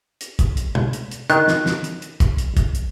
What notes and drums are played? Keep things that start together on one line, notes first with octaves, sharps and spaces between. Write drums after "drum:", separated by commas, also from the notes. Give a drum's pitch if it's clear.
drum: hi-hat
drum: kick, hi-hat
drum: hi-hat
drum: tom
drum: hi-hat
drum: hi-hat
D#3 F#6, drum: hi-hat
drum: snare
drum: snare
drum: hi-hat
drum: hi-hat
drum: kick, hi-hat
drum: hi-hat
drum: kick, hi-hat
drum: hi-hat